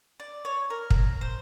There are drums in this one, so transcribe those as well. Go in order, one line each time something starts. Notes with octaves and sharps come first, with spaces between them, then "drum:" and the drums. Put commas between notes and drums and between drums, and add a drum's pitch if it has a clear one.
D5
C#5
A#4
A#5, drum: kick
C5